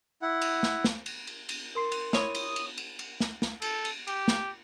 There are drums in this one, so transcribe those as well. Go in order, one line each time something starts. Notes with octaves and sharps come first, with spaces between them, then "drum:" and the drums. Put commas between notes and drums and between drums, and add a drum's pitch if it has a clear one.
E4 F#5
drum: cymbal
drum: snare
drum: snare
drum: cymbal
drum: cymbal
drum: cymbal
A#4 C6 C7
drum: cymbal
E4 C#5 D#6, drum: snare
drum: cymbal
drum: cymbal
drum: cymbal
drum: cymbal
drum: snare
drum: snare
A4, drum: cymbal
drum: cymbal
G4, drum: cymbal
drum: snare